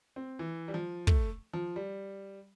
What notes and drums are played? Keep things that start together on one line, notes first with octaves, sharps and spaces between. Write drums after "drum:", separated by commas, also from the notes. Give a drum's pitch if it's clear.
C4
E3
G3
F3
A3, drum: kick
F3
G3